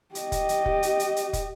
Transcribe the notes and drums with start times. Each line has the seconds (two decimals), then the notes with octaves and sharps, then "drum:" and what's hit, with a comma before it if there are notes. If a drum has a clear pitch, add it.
0.15 G4 D#5, drum: hi-hat
0.32 drum: kick, hi-hat
0.49 drum: hi-hat
0.66 drum: kick
0.83 drum: hi-hat
0.99 drum: hi-hat
1.16 drum: hi-hat
1.33 drum: kick, hi-hat